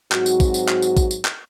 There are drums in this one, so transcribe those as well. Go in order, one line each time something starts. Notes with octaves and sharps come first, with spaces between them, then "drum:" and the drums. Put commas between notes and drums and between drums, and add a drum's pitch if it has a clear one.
G#2 F#3 C4 F#4, drum: clap
drum: tambourine
drum: kick, tambourine
drum: tambourine
drum: clap
drum: tambourine
drum: kick, tambourine
drum: tambourine
drum: clap